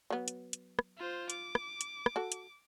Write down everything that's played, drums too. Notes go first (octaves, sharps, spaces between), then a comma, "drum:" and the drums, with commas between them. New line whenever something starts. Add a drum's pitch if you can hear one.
F#3 B3
drum: hi-hat
drum: hi-hat
drum: rim click
F4 C5
D6, drum: hi-hat
drum: rim click
drum: hi-hat
drum: rim click
F#4 A4
drum: hi-hat